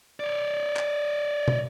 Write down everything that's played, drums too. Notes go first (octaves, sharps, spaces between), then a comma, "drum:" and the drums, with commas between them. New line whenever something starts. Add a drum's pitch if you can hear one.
C#5 D5
drum: clap
drum: tom